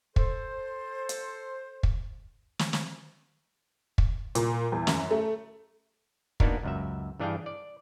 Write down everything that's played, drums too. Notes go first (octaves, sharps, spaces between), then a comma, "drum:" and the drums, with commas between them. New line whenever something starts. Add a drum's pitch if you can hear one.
A4 C5, drum: kick
drum: hi-hat
drum: kick
drum: snare
drum: snare
drum: kick
A#2, drum: hi-hat
E2
F#2, drum: snare
A3
A#3 B3 D4 D#4 F#4 A#4, drum: kick
C#2 F#2 E5
G2 E3 D4 G#4 F5 G5
D5